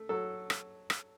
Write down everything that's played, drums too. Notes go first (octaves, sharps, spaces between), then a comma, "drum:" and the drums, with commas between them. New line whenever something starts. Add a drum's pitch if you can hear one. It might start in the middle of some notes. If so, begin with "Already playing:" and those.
Already playing: A3
F#3 A4
drum: rim click
drum: rim click